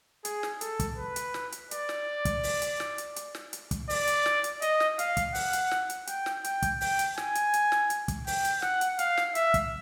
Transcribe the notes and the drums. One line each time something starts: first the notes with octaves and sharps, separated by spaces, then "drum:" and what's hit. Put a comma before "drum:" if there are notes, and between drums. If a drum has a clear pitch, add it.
G#4, drum: hi-hat
drum: snare
A4, drum: hi-hat
drum: kick, hi-hat
B4
drum: hi-hat
drum: snare
drum: hi-hat
D5, drum: hi-hat
drum: snare
drum: kick, hi-hat
drum: open hi-hat
drum: hi-hat
drum: snare
drum: hi-hat
drum: hi-hat
drum: snare
drum: hi-hat
drum: kick, hi-hat
D5, drum: open hi-hat
drum: hi-hat
drum: snare
drum: hi-hat
D#5, drum: hi-hat
drum: snare
F5, drum: hi-hat
drum: kick, hi-hat
F#5, drum: open hi-hat
drum: hi-hat
drum: snare
drum: hi-hat
G5, drum: hi-hat
drum: snare
G5, drum: hi-hat
drum: kick, hi-hat
G5, drum: open hi-hat
drum: hi-hat
G#5, drum: snare
drum: hi-hat
drum: hi-hat
drum: snare
drum: hi-hat
drum: kick, hi-hat
G5, drum: open hi-hat
drum: hi-hat
F#5, drum: snare
drum: hi-hat
F5, drum: hi-hat
drum: snare
E5, drum: hi-hat
drum: kick, hi-hat